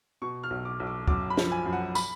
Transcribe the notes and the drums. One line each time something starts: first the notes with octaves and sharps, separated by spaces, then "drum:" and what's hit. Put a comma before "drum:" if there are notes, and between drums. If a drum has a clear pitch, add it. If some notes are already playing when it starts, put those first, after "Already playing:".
B2 C#6
F6
B1
D6
B1
D6
F#2 D6, drum: kick
B5
F3, drum: snare
G#5
F#2
F#5
B5, drum: tambourine